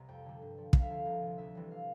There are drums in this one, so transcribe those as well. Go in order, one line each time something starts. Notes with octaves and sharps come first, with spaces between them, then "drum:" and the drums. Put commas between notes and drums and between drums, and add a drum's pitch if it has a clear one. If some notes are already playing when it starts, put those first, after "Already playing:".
Already playing: C2 C3 A#5
F2 G5
D3 G3
G2
F3
D2 F5, drum: kick
E5
D3 F3 F5
C2
C3 F3
D2 E5
C3 E3 G3
F5